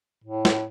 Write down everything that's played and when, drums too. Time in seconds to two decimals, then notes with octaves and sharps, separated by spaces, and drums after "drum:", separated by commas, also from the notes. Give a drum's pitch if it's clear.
0.24 A2
0.45 drum: snare